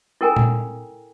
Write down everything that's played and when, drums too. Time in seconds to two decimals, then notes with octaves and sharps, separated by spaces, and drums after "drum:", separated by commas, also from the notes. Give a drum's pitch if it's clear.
0.21 E4 A4 A#4 G5 G#5 A#5
0.36 drum: tom A#2